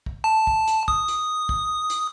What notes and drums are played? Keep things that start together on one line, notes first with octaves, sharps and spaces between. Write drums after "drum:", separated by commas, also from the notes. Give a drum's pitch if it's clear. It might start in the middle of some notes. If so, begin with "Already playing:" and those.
drum: kick
A5
drum: kick
drum: hi-hat
D#6, drum: kick
drum: hi-hat
drum: kick
drum: hi-hat